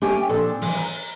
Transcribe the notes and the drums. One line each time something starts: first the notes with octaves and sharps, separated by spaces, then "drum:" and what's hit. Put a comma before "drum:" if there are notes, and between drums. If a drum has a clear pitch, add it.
A3 C#4 G4 C#5 G5 G#5
A#2 F3 C4 D4 A4
E3 F3, drum: open hi-hat
A#5